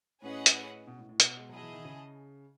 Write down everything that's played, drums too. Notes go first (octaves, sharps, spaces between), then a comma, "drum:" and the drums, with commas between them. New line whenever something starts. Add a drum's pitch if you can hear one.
A2 C#4 G#4 B4 D#5 F#5
drum: hi-hat
B2
A2
A2
B2, drum: hi-hat
G#3
F#3 E4 G#4 D#5 A5
E3
D#3
C#3